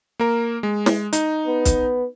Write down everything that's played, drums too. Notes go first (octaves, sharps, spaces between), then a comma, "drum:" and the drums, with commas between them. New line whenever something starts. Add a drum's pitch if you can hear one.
A#3 A#4
G#3
drum: snare
D#4, drum: hi-hat
B3
drum: kick B1, hi-hat